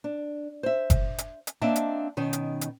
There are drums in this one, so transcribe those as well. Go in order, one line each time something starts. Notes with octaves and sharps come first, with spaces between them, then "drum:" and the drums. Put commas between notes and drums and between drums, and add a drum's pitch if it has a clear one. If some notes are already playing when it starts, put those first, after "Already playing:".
D4
C5 E5
drum: kick F#1, hi-hat
drum: hi-hat
drum: hi-hat
A#3 C4 D4 D#5 E5 A5
drum: hi-hat
B2 D#3 C#4 D#4
drum: hi-hat
drum: hi-hat